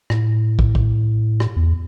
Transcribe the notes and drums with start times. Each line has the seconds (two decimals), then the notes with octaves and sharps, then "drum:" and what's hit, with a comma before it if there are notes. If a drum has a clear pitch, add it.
0.10 A2, drum: rim click
0.59 drum: kick
0.75 drum: kick
1.40 drum: rim click
1.56 E2